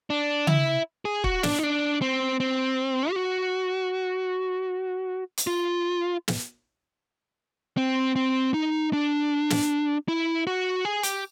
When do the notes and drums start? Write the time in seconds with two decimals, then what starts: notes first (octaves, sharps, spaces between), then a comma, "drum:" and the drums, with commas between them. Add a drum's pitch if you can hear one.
0.10 D4
0.47 E4, drum: tom C#3
1.05 G#4
1.24 F#4, drum: kick
1.43 D4, drum: snare
1.59 D#4
1.63 D4
2.02 C4
2.40 C4
3.11 G4
3.16 F#4
5.38 drum: hi-hat
5.47 F4
6.28 drum: snare
7.77 C4
8.16 C4
8.54 D#4
8.93 D4
9.50 drum: snare
10.08 E4
10.47 F#4
10.85 G#4
11.03 G4, drum: hi-hat